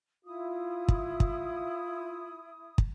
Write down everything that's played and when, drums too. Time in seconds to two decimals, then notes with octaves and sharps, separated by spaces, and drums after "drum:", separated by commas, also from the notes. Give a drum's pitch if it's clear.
0.25 E4 F4 D#6
0.88 drum: kick
1.20 drum: kick
2.78 drum: kick